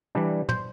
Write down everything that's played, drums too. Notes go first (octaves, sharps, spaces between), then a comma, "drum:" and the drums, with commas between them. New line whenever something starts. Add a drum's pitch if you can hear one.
E3 G3 D4
C5, drum: tom